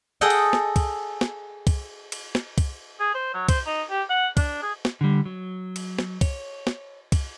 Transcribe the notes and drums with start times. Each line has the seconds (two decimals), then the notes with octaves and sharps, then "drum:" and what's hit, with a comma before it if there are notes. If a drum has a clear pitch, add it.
0.21 G#4 A4 D#5 F#5 G5
0.30 drum: cymbal
0.53 drum: snare
0.76 drum: kick, cymbal
1.21 drum: snare
1.67 drum: kick, cymbal
2.12 drum: cymbal
2.35 drum: snare
2.58 drum: kick, cymbal
3.00 G#4
3.14 C5
3.34 F#3
3.49 C5, drum: kick, cymbal
3.66 D#4
3.90 G4
4.10 F#5
4.37 D4, drum: kick, cymbal
4.62 G#4
4.85 drum: snare
5.01 D3 G3
5.26 F#3
5.76 drum: cymbal
5.99 drum: snare
6.21 C#5, drum: kick, cymbal
6.67 drum: snare
7.12 drum: kick, cymbal